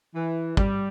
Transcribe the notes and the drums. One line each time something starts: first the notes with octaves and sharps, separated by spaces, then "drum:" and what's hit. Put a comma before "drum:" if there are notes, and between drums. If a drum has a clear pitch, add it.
E3
G3, drum: kick